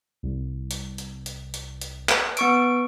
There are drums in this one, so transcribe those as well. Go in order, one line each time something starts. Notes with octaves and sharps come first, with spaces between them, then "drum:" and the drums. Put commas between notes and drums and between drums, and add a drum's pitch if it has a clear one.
C2
drum: hi-hat
drum: hi-hat
drum: hi-hat
drum: hi-hat
drum: hi-hat
drum: clap
B3 C#6 E6 D7, drum: hi-hat